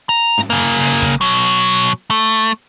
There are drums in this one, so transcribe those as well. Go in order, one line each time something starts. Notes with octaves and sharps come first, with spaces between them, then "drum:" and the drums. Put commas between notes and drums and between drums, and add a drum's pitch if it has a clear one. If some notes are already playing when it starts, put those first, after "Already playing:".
A#5
drum: tom
C#3 A#3
drum: open hi-hat
drum: kick
B2 F#3
A3